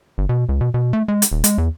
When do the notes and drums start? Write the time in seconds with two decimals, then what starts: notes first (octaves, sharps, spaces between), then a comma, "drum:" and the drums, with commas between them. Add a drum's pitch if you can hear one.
0.18 G1
0.29 B2
0.49 C#2
0.61 B2
0.74 B2
0.93 A3
1.08 G#3
1.22 drum: hi-hat
1.31 D#1
1.44 G#3, drum: hi-hat
1.58 E2